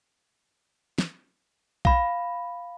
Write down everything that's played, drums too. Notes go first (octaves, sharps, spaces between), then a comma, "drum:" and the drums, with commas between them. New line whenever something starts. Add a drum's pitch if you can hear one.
drum: snare
F5 B5, drum: kick